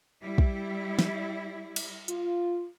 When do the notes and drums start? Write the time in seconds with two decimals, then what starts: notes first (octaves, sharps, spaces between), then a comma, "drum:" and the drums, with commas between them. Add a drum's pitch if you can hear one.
0.22 G3 E4
0.38 drum: kick
0.99 drum: snare
1.76 drum: cymbal
2.08 F4, drum: hi-hat